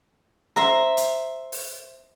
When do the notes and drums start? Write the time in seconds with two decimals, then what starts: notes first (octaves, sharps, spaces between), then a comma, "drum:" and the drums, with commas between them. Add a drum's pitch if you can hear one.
0.56 C5 E5 A#5, drum: snare C#4
0.97 drum: hi-hat
1.52 drum: open hi-hat